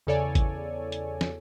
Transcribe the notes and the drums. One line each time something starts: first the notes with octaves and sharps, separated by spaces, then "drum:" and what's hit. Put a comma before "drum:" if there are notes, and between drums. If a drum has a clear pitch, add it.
E2 C#3 A4 C#5 D5 G#5
drum: kick G#1, hi-hat
drum: hi-hat
drum: snare